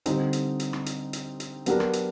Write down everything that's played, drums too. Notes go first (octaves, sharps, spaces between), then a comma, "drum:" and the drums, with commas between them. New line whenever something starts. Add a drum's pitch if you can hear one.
D3 G3 C4 D#4, drum: hi-hat
drum: hi-hat
drum: hi-hat
drum: rim click
drum: hi-hat
drum: hi-hat
drum: hi-hat
F#3 B3 D4 G4 A#4, drum: hi-hat
drum: rim click
drum: hi-hat